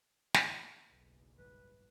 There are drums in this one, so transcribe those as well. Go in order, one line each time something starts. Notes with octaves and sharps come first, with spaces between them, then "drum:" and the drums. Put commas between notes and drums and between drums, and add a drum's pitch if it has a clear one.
drum: snare
F#1 B1 E2
G#2 D#3 G3 B4